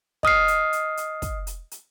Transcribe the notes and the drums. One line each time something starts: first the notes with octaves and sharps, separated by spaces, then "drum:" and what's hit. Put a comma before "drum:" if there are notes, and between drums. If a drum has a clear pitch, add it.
D#5 D#6 F6 C7, drum: kick
drum: hi-hat
drum: hi-hat
drum: hi-hat
drum: kick, hi-hat
drum: hi-hat
drum: hi-hat